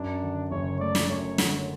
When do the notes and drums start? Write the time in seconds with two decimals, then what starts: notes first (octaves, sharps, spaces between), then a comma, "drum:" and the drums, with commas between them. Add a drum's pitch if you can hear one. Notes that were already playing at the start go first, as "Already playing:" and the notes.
Already playing: F#2 D4
0.22 D3
0.51 F#1 C#5
0.80 A3 D5
0.95 drum: snare
1.10 F#2 C#5
1.38 D3, drum: snare